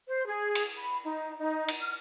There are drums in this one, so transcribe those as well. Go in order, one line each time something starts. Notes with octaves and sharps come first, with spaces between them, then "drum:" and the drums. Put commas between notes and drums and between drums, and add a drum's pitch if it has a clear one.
C5
G#4
drum: cymbal
B5
D#4
D#4
drum: cymbal
F6